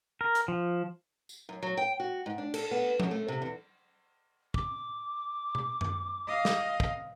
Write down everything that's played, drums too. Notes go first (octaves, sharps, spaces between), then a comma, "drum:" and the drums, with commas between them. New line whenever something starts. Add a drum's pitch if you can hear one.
A#4
drum: hi-hat
F3
drum: tambourine
F#2
F#3
G5
F#4
G#2
D4
A4, drum: cymbal
B3
F#2, drum: tom F3
A3
C3
E2
D6, drum: kick
drum: tom B2
drum: tom F#2
D#5 F5
drum: snare
drum: kick